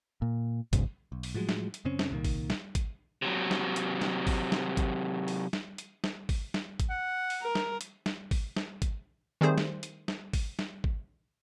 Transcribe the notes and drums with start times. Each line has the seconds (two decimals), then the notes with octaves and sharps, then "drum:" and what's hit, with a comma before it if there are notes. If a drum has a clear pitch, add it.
0.22 A#2
0.73 E1 B1 G#2 C#3, drum: kick G#1, hi-hat
1.12 B1
1.23 drum: open hi-hat
1.34 A2 F3 F#3 G#3
1.49 drum: snare
1.74 drum: hi-hat
1.85 F#2 C#3 C4 C#4
1.99 drum: snare
2.11 C2 A#2 D#3 A#3
2.25 drum: kick G#1, open hi-hat
2.50 drum: snare
2.75 drum: kick G#1, hi-hat
3.22 C3 F#3
3.51 drum: snare
3.76 drum: hi-hat
4.01 drum: snare
4.27 drum: kick G#1, open hi-hat
4.52 drum: snare
4.77 drum: kick G#1, hi-hat
5.28 drum: open hi-hat
5.53 drum: snare
5.78 drum: hi-hat
6.04 drum: snare
6.29 drum: kick G#1, open hi-hat
6.54 drum: snare
6.80 drum: kick G#1, hi-hat
6.90 F#5
7.30 drum: open hi-hat
7.42 A#4
7.55 drum: snare
7.81 drum: hi-hat
8.06 drum: snare
8.31 drum: kick G#1, open hi-hat
8.56 drum: snare
8.82 drum: kick G#1, hi-hat
9.41 D#3 G3 A3 C4 G#4 C5
9.58 drum: snare
9.83 drum: hi-hat
10.08 drum: snare
10.33 drum: kick G#1, open hi-hat
10.59 drum: snare
10.84 drum: kick G#1